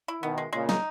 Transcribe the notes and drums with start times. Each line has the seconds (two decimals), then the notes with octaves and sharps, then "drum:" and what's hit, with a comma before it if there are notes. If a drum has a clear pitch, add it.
0.08 E4
0.23 B2 D#3 B3
0.38 G#3
0.53 A#2 C#3 G#3
0.69 D#4, drum: snare